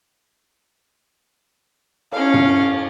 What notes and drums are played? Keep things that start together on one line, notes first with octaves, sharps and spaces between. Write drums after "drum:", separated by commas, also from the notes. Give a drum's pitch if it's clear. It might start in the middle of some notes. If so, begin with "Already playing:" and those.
C#4 F5, drum: cymbal
drum: tom G2